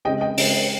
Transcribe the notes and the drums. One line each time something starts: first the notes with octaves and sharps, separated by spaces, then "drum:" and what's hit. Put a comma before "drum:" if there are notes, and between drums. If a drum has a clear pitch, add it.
C#3 G#3 C4 D#5 G5
D#5 G5
C#3 G#3 C4, drum: open hi-hat